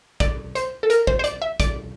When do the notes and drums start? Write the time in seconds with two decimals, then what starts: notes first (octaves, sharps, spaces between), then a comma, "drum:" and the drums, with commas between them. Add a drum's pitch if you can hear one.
0.20 D5, drum: kick A1, hi-hat
0.55 C5, drum: hi-hat
0.83 A4
0.90 A#4, drum: hi-hat
1.07 C5, drum: kick A1
1.19 C5
1.24 D5, drum: hi-hat
1.42 E5
1.60 D5, drum: kick A1, hi-hat